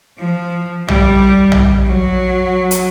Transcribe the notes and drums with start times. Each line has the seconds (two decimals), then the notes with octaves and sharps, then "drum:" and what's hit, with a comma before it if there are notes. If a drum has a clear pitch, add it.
0.19 F3
0.88 G3, drum: tom
1.52 drum: tom
1.87 F#3
2.71 drum: hi-hat